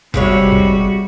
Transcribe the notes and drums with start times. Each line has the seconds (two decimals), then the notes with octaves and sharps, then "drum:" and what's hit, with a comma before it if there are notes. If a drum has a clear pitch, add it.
0.14 C3 G3 G#3 F#4 C#5, drum: kick
0.52 drum: kick